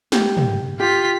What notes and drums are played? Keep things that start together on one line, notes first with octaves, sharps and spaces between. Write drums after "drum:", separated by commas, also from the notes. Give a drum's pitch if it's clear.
G4, drum: snare
drum: tom
F4 G4 B6